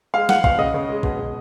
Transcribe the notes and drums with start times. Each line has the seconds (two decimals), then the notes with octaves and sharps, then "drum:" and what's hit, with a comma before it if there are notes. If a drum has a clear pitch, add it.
0.14 G#3 F5
0.29 G#3 F#5, drum: snare
0.44 B2 F5, drum: kick
0.58 C#3 D#5
0.74 C#3
0.89 G#3
1.03 B2, drum: kick
1.19 B2